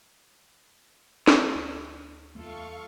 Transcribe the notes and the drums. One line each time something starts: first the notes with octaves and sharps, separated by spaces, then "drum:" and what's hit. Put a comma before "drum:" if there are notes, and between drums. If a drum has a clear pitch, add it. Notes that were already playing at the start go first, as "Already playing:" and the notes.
drum: snare
D2
E2 G3 A3 B3 F4 A4 F5 C#6